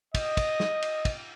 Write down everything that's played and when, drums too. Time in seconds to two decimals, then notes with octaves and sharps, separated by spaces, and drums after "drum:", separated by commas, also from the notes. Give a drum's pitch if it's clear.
0.14 D#5, drum: kick, cymbal
0.37 drum: kick, cymbal
0.60 drum: snare
0.82 drum: cymbal
1.05 drum: kick, cymbal